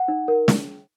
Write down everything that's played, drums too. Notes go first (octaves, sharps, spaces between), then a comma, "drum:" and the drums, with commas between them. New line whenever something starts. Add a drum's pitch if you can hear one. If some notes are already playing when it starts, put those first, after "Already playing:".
Already playing: F#5
D#4
A#4
drum: snare